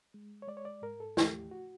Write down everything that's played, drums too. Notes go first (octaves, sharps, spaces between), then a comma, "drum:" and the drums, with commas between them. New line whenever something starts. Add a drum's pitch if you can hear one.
G#3
C#5
G#3 D5
C#5
D5
G#2 A#4
A4
D#2 G4, drum: snare
F#4